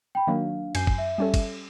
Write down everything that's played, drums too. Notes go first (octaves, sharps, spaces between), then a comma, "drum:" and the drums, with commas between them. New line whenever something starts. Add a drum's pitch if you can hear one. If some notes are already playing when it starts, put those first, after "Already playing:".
G5 B5
D#3 F#3 A#3 D4 F5
F#2 G#5 G6 C7, drum: cymbal
drum: kick
E5
G3 C#4 A4
drum: kick, cymbal